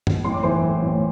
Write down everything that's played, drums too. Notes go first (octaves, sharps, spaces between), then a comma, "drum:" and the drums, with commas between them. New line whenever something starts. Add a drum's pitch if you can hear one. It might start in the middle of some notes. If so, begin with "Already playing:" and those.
drum: tom F#2
A1 C6
D6
E3 C5 C6
A2
A1